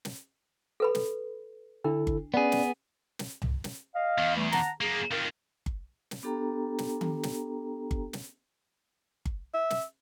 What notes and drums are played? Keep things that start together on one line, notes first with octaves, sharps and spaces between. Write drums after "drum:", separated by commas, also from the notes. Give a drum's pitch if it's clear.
drum: snare
A4 B4 B5
drum: snare
D3 D4 E4 A4
drum: kick G1
B3 C#4 G#4 B4 D5
drum: snare
drum: snare
drum: tom C2
drum: snare
D#5 F5
E2
E3 G3 A3
F#5 A5 A#5, drum: snare
F#2 A#3 G#4
F2 D#3 A#4 F5
drum: kick G1
drum: snare
B3 D4 G4 A4 G5 A#5
drum: snare
drum: tom D#3
drum: snare
drum: kick G1
drum: snare
drum: kick G1
E5
drum: snare